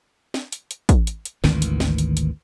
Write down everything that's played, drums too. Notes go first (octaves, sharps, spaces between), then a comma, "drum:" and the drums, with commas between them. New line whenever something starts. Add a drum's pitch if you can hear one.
drum: snare
drum: hi-hat
drum: hi-hat
drum: kick, hi-hat
drum: hi-hat
drum: hi-hat
G#1 D2 D#3 E3, drum: snare
drum: hi-hat
drum: snare
drum: hi-hat
drum: hi-hat